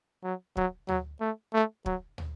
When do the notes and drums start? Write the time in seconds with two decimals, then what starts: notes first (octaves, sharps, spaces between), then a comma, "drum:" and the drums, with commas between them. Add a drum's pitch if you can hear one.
0.24 F#3
0.57 F#3, drum: kick
0.88 F#3, drum: tom
1.21 A3
1.54 A3
1.86 F#3, drum: kick
2.18 drum: tom